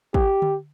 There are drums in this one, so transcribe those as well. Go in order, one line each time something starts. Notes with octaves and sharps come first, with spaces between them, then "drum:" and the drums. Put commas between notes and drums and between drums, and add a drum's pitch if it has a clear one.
G4, drum: kick
drum: tom D3